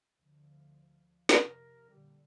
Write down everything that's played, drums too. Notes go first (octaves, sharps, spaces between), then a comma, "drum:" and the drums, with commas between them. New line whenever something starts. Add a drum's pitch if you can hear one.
D2 F3
F2 C3 A#4, drum: snare
A#2 D3 G3